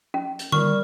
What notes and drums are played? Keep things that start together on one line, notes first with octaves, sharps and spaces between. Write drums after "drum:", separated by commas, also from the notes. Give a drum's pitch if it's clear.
C#4
drum: hi-hat
G3 A#4 C#6 F6, drum: tom D3